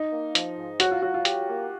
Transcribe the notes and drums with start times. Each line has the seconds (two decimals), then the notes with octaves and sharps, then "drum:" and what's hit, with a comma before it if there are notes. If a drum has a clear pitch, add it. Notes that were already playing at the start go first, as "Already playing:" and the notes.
Already playing: D#4
0.12 A#3
0.35 F3, drum: hi-hat
0.58 G#2
0.80 F#3 F#4, drum: hi-hat
0.91 F4
1.02 F#3 F#4
1.14 F4
1.25 G4, drum: hi-hat
1.48 A#3